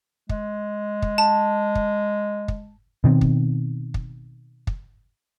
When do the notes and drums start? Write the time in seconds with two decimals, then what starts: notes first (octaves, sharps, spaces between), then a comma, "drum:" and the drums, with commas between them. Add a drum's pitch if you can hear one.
0.29 G#3, drum: kick
1.02 drum: kick
1.18 A5
1.75 drum: kick
2.48 drum: kick
3.04 B2 D#3 C4
3.21 drum: kick
3.94 drum: kick
4.67 drum: kick